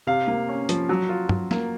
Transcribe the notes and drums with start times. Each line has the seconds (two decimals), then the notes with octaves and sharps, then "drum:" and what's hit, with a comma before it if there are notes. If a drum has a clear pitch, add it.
0.07 C3 F5
0.27 A#3
0.49 C#4
0.69 F3, drum: hi-hat
0.89 F#3
1.09 F4
1.29 F#3, drum: tom
1.51 A#3, drum: snare F#3